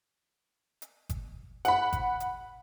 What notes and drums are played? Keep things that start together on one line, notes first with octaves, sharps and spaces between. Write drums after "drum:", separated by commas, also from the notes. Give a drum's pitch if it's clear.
drum: hi-hat
drum: kick G1, hi-hat
F#5 B5, drum: hi-hat
drum: kick G1, hi-hat
drum: hi-hat